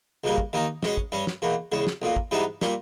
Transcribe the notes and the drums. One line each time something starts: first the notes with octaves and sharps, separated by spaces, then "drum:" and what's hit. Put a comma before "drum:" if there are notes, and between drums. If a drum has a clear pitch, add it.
C#2 B2 G3 A#3
drum: kick
D#2 D#3 A#3 D#4
B2 G#3 C#4, drum: snare
drum: kick
G2 G3 C#4
drum: snare
E2 B2 A#3
E2 C#3 G#3
drum: snare
B1 A#2 A#3
drum: kick
G#2 E3 G3 B3 D#4
A#2 G3 A#3, drum: snare